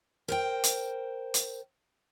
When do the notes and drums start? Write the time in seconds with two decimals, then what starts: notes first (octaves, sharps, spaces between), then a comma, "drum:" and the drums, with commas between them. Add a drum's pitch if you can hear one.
0.28 A#4 C5 G5
0.64 drum: hi-hat
1.34 drum: hi-hat